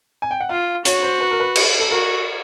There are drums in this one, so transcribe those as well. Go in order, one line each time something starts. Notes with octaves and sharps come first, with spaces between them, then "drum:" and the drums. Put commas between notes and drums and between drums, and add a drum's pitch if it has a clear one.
G#5
G5
F#5
F4 F5
F#4 C#5, drum: hi-hat
C5
B4
A#4
B4
drum: cymbal
A4
F#4 A#4